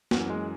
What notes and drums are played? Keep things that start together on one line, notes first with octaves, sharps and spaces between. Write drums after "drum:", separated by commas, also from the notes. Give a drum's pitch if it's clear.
F#2 E3 B3, drum: snare
G#3